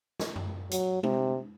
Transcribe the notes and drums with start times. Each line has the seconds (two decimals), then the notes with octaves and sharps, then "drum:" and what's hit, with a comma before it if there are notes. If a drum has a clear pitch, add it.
0.20 drum: snare
0.36 drum: tom F#2
0.71 F#3, drum: hi-hat
1.03 C3, drum: tom G#3